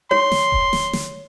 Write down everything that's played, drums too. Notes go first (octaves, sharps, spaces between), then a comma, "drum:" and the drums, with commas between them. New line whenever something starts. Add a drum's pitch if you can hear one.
C#5 C6, drum: tom D#4
drum: snare
drum: kick D#1
drum: snare
drum: snare